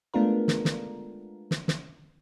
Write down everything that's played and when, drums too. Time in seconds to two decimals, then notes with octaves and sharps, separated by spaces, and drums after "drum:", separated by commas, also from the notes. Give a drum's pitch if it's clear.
0.14 G#3 A3 B3 D4 F4 A#4
0.48 drum: snare
0.65 drum: snare
1.51 drum: snare
1.68 drum: snare